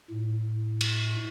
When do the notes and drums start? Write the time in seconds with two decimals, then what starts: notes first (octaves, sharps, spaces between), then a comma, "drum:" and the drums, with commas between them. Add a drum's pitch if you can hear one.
0.10 A2
0.81 drum: cymbal